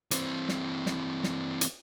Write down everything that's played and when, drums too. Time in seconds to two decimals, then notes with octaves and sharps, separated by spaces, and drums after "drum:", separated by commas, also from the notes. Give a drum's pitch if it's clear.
0.11 E3 C4, drum: hi-hat
0.49 drum: snare
0.86 drum: snare
1.24 drum: snare
1.61 drum: hi-hat